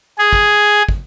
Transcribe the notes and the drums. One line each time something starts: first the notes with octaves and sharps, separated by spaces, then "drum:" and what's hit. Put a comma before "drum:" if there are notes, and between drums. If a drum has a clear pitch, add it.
G#4
drum: kick
drum: kick